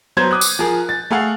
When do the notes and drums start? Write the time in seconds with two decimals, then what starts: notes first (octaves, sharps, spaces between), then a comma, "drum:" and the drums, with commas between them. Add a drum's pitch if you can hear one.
0.17 F#3 B3 C5 A#5 G6 G#6
0.31 D6 D#6 F#6
0.41 drum: tambourine
0.59 F3 G#4 A#4
0.89 A6
1.11 A3 G#4 F5 F#5